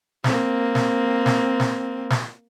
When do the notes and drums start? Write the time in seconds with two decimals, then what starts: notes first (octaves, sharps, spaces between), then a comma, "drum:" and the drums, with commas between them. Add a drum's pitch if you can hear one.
0.24 A#3 C4, drum: snare
0.75 drum: snare
1.26 drum: snare
1.60 drum: snare
2.10 drum: snare